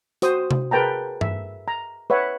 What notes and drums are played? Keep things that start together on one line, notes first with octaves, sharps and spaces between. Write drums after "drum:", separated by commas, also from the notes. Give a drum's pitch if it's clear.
F#4 C5 D#6, drum: hi-hat
drum: tom C3
G#4 A#4 B4 G5 A5 A#5
E5, drum: tom G2
A#5
B4 C#5 E5 F#5